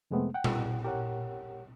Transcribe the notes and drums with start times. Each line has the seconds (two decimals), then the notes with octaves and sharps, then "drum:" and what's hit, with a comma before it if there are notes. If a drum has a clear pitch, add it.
0.11 F2 C3 G#3 A3 B3 C4
0.34 F#5 G5
0.44 drum: tom A#2
0.85 G4 A#4 C#5 F#5